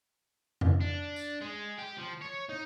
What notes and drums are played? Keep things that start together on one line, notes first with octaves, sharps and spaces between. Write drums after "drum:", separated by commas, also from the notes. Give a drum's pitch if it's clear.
drum: tom F2
D4
drum: tambourine
G#3
G4
F3
C#5
D#4